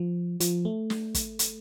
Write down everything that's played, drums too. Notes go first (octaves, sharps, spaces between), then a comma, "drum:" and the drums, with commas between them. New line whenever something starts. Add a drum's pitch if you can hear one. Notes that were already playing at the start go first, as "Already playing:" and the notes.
Already playing: F3
F3, drum: hi-hat
A3
drum: snare
drum: kick, hi-hat
drum: hi-hat